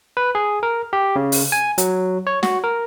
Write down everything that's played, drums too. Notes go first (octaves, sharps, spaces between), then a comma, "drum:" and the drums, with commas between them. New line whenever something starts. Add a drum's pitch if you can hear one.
B4
G#4
A#4
G4
C#3
drum: open hi-hat
G#5
F#3, drum: hi-hat
C#5
F#4, drum: snare
A#4